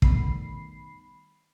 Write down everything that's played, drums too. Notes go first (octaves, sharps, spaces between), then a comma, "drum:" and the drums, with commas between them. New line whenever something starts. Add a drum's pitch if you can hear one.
D#3 G3 A3 B3 B5 C7, drum: kick